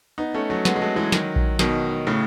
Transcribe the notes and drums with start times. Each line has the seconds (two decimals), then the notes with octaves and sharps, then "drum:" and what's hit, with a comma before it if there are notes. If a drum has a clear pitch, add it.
0.18 B3 D#4
0.34 A3 C#4
0.50 F#3 A3
0.65 G#3 B3, drum: snare
0.76 G#3
0.82 F#3 A3
0.96 E3 G#3
1.12 D#3 F#3, drum: snare
1.36 drum: kick A#1
1.59 B2 D#3, drum: snare
2.07 A2 C#3